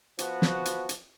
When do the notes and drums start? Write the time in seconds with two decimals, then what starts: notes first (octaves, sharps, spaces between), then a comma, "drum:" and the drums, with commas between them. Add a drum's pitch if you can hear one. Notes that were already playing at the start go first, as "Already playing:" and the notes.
0.19 F3 B3 F#4, drum: hi-hat
0.42 drum: snare
0.65 drum: hi-hat
0.89 drum: hi-hat